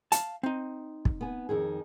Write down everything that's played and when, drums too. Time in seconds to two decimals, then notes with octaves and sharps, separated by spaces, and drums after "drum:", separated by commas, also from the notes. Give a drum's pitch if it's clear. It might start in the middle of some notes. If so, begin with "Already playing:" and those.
0.12 F5 A5, drum: hi-hat
0.43 C4 D#4
1.05 drum: kick
1.21 B3 G#5
1.49 F2 D#3 G#4